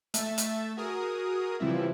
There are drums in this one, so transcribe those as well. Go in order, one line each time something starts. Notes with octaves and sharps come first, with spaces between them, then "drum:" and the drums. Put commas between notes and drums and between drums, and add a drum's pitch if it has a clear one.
A3 E5 A6, drum: hi-hat
drum: hi-hat
F#4 G#4 A#4 D#6
C#3 E3 F3 G3 C4 E4